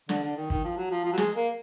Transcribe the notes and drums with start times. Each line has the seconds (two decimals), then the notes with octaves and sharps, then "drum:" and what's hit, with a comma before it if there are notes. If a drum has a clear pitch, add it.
0.09 D3, drum: snare
0.23 D3
0.37 D#3
0.50 D#3, drum: kick
0.64 F3
0.77 F#3
0.91 F3
1.04 F3
1.13 F#3
1.18 G#3, drum: snare
1.35 A#3